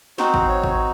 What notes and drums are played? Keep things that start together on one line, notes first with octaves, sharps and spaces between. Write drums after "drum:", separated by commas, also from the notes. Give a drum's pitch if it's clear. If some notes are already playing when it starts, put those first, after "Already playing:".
C4 D#4 F#4 C5, drum: snare
drum: kick G#1
C#5
drum: kick G#1